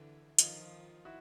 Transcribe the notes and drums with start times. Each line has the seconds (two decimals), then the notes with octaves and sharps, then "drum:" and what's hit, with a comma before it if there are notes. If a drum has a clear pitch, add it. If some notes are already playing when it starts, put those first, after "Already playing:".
Already playing: D3 E3 E4
0.39 D#3 F3 D#4 F4, drum: hi-hat
1.05 E4 F#4